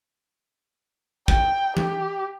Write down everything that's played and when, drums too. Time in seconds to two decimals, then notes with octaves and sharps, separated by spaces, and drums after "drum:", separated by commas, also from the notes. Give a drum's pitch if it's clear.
1.28 G5, drum: kick
1.77 G4, drum: tom E3